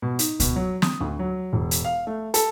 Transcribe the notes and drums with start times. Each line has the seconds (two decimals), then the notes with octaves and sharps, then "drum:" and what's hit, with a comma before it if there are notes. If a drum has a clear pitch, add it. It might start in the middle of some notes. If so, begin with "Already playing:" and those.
0.02 B2
0.19 D#4, drum: hi-hat
0.40 B2, drum: kick C#2, hi-hat
0.56 F#3
0.82 D#6, drum: snare
1.01 D2
1.19 F#3
1.53 E1
1.71 drum: hi-hat
1.85 F5
2.07 A3
2.34 A4, drum: hi-hat